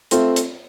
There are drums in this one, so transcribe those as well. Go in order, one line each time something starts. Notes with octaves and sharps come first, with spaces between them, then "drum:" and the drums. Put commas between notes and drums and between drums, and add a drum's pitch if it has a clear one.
A3 C4 F4 A4, drum: hi-hat
drum: hi-hat